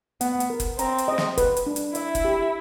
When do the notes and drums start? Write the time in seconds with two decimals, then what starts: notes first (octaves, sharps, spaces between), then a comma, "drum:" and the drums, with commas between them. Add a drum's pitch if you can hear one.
0.21 B3 F#5, drum: hi-hat
0.40 drum: hi-hat
0.50 A#4
0.60 drum: kick, hi-hat
0.79 C4 A#5, drum: hi-hat
0.98 drum: hi-hat
1.08 D#5
1.18 drum: snare
1.38 B4, drum: kick, hi-hat
1.57 drum: hi-hat
1.66 D4
1.76 drum: hi-hat
1.95 E4 E5, drum: hi-hat
2.15 drum: kick, hi-hat
2.25 G4